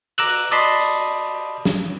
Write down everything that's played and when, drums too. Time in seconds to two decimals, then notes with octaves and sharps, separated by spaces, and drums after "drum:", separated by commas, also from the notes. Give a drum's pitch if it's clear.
0.18 A#5 D6 E6 F#6, drum: cymbal
0.51 D5 D#5 A5 B5 C6, drum: hi-hat
0.80 drum: tambourine
1.65 drum: snare